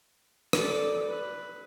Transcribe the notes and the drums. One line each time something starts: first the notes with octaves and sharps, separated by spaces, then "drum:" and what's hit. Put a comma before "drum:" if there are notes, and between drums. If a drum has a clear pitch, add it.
A4 D5, drum: rim click
B4